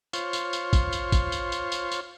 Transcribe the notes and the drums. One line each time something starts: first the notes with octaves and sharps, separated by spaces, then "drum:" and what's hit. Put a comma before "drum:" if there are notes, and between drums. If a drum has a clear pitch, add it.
F4 C5 C#5, drum: tambourine
drum: tambourine
drum: tambourine
drum: kick, tambourine
drum: tambourine
drum: kick, tambourine
drum: tambourine
drum: tambourine
drum: tambourine
drum: tambourine